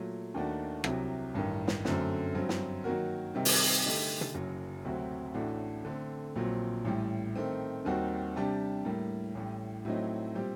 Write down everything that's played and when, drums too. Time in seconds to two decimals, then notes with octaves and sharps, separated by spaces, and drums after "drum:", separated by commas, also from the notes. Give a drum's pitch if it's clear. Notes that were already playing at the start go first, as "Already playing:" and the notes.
Already playing: A#2 F#3 A3
0.34 D#2 D#3 A3 D4 F#4
0.84 C2 C3 F#3, drum: rim click
1.34 A1 G2 D#3
1.68 drum: snare
1.85 F#2 D3 A3 C4, drum: snare
2.35 G2 F#3 C4
2.49 drum: snare
2.84 D#3 F#3 A#3 F#4 A#4
3.35 C3 D#3 G3
3.45 drum: open hi-hat
3.84 D3 A3 D#4 G4
4.21 drum: tom
4.34 F#1 F#2 F#3
4.85 D2 C3 F#3 C4 F#4
5.34 A1 A2 A3 D4 F#4
5.85 D3 A3 C4
6.36 A#1 A#2 F#3 C4
6.85 A1 A2 G3
7.36 D#3 A3 C4
7.85 D#2 D#3 G3 C4 F#4
8.36 C3 G3 D4 G4
8.85 A2 G3 A#3
9.35 A1 A2 G3
9.85 A2 F#3 A3 C4 D#4
10.35 A#2 G3 C4 G4